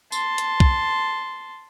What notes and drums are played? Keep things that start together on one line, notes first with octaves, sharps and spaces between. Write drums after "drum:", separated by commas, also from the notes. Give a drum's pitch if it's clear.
A5 C6, drum: tambourine
drum: hi-hat
drum: kick